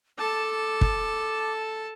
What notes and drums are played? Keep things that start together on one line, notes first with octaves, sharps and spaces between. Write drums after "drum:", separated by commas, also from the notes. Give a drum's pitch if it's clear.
A4 A5 D6
drum: kick